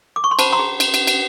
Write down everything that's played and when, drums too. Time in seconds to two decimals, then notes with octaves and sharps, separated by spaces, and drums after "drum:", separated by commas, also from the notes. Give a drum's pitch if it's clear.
0.16 D6
0.24 C#6
0.31 C6
0.39 C5 A5 B5, drum: cymbal
0.53 A#5 C6
0.59 G#4
0.80 drum: cymbal
0.94 drum: cymbal
1.07 drum: cymbal